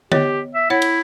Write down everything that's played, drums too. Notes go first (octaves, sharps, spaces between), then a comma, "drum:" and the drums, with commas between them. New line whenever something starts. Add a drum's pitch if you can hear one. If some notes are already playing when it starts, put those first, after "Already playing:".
B3 G4 C#5 D#5, drum: tom D3
E5
E4 C#5 F#5
drum: cymbal